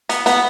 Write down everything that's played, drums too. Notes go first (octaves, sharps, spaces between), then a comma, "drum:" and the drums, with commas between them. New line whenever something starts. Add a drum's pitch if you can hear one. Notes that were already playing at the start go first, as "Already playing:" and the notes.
B3, drum: hi-hat
B3, drum: hi-hat